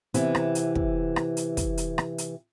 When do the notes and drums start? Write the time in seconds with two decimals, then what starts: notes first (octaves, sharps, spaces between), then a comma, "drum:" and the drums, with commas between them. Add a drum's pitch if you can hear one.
0.14 C3 E3 B3, drum: hi-hat
0.35 drum: rim click
0.55 drum: hi-hat
0.75 drum: kick
1.16 drum: rim click
1.37 drum: hi-hat
1.57 drum: kick, hi-hat
1.77 drum: hi-hat
1.98 drum: rim click
2.18 drum: hi-hat